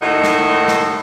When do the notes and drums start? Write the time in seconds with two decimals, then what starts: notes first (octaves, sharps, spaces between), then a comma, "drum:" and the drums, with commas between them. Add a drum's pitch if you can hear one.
0.01 D#2 A2 D#4 D#5 E5 F#5
0.24 drum: snare
0.68 drum: snare